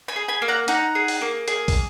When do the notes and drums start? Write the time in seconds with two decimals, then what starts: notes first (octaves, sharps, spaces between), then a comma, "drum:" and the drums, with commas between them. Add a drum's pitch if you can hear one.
0.08 G#5 B5
0.16 G#4
0.28 G#5 B5
0.42 A#3
0.48 F#5 A#5
0.68 D#4 F#5 A#5, drum: hi-hat
0.95 G#4
1.08 drum: open hi-hat
1.21 A#3
1.48 G#4, drum: hi-hat
1.68 drum: kick, open hi-hat